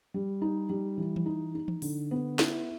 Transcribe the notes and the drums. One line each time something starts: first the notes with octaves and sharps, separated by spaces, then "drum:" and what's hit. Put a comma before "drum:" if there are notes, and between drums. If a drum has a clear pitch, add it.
G3
D#4
G3
E3
drum: tom E3
D#4
D#4
drum: tom E3
D3, drum: open hi-hat
B3
E4, drum: snare